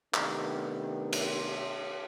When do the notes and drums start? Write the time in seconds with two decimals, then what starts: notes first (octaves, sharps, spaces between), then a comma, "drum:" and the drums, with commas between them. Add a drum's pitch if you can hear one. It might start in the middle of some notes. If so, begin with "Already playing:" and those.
0.14 C3 D#3 A3 B3 D4 G4, drum: clap
1.13 drum: cymbal